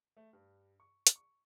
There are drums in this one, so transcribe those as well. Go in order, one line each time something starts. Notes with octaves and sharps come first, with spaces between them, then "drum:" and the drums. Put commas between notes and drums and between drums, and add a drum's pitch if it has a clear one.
A3
G2
C#6
drum: hi-hat
C#6